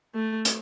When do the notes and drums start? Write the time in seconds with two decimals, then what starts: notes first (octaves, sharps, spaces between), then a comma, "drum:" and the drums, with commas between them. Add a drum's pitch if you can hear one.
0.15 A3
0.45 drum: hi-hat